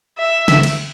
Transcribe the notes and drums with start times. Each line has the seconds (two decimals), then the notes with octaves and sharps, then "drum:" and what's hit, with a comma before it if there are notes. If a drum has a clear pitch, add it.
0.18 E5
0.48 drum: snare
0.63 drum: cymbal